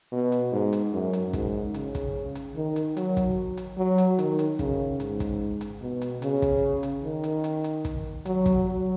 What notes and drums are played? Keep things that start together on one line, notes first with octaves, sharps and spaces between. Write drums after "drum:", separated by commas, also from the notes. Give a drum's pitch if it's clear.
B2
drum: hi-hat
G#2
drum: hi-hat
F#2
drum: hi-hat
G#2, drum: kick, hi-hat
C#3, drum: hi-hat
drum: kick, hi-hat
drum: hi-hat
D#3
drum: hi-hat
F#3, drum: hi-hat
drum: kick, hi-hat
drum: hi-hat
F#3
drum: hi-hat
D#3, drum: hi-hat
drum: hi-hat
C#3, drum: kick, hi-hat
G#2, drum: hi-hat
drum: kick, hi-hat
drum: hi-hat
B2
drum: hi-hat
C#3, drum: hi-hat
drum: kick, hi-hat
drum: hi-hat
D#3
drum: hi-hat
drum: hi-hat
drum: hi-hat
drum: kick, hi-hat
F#3, drum: hi-hat
drum: kick, hi-hat
F#3